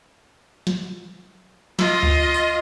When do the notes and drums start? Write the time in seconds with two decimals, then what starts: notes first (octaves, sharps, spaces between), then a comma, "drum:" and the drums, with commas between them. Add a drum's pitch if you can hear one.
0.67 drum: snare
1.79 F4 D#5, drum: snare
2.03 drum: kick C#2
2.34 drum: tambourine